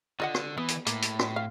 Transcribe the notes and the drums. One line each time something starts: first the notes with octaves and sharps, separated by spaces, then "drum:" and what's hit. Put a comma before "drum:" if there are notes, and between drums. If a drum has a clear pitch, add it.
D3 F4 D#5 F#5
drum: rim click
E3 B3
drum: hi-hat
A2 A#3, drum: hi-hat
drum: hi-hat
drum: rim click
F5